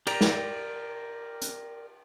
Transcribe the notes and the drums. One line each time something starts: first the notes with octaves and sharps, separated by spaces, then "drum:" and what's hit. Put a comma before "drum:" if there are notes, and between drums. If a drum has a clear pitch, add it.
G4 A#4 D5 G5 A#5, drum: cymbal
drum: snare
drum: hi-hat